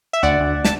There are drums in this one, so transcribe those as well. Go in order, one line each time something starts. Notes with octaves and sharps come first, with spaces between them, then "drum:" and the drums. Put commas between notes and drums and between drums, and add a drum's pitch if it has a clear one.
E5
D2 D5 F#5
D2
A5, drum: snare